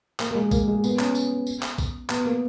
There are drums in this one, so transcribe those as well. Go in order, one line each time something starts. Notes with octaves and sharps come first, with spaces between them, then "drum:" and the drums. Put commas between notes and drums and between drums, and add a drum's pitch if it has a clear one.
A#3, drum: clap
A#3
G#3
A#3, drum: kick A#1, tambourine
G#3
B3, drum: tambourine
C#4, drum: clap
drum: tambourine
drum: tambourine
drum: clap
drum: kick A#1, tambourine
B3, drum: clap
A#3